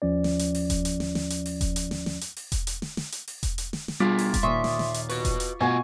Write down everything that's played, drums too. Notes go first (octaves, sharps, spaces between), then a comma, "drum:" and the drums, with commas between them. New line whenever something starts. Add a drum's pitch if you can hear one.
D#2 F3 C#4 D5
drum: snare
drum: hi-hat
drum: open hi-hat
drum: kick E1, hi-hat
drum: hi-hat
drum: snare
drum: snare
drum: hi-hat
drum: open hi-hat
drum: kick E1, hi-hat
drum: hi-hat
drum: snare
drum: snare
drum: hi-hat
drum: open hi-hat
drum: kick E1, hi-hat
drum: hi-hat
drum: snare
drum: snare
drum: hi-hat
drum: open hi-hat
drum: kick E1, hi-hat
drum: hi-hat
drum: snare
drum: snare
G3 B3 D4 F4 G#4 B5 D6
drum: open hi-hat
drum: kick E1, hi-hat
D#2 A#2 E5 C6 C#6 D#6
drum: snare
drum: snare
drum: hi-hat
F#4 B4 C#6, drum: open hi-hat
drum: kick E1, hi-hat
drum: hi-hat
B2 F4 B4 D#5 F5 F#5 G#5 C#6